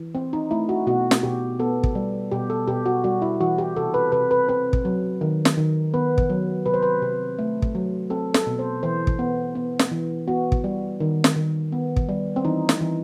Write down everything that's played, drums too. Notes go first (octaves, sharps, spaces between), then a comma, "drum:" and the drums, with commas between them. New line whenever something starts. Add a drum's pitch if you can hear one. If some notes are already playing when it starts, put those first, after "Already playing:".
Already playing: E3
C4
D#4
A3 E4
F#4
B2 F#4
drum: snare
B2 G4
B3 A4
drum: kick
G3
B2 G4
A4
B2 G4
F#4
G3 F#4
E4
E3 F#4
G4
C3 A4
B4
C3 B4
B4
C4 B4
drum: kick
F#3
D#3
drum: snare
D#3
B3 B4
drum: kick
F#3
C3 B4
C5
B4
C3
A3
drum: kick
F#3
C4 A4
A4, drum: snare
B2
C5
E3 C5
drum: kick
B3
B3
drum: snare
E3
B3 F#4
drum: kick
G3
D#3
drum: snare
D#3
B3
drum: kick
G3
C4
E3 D#4
drum: snare
E3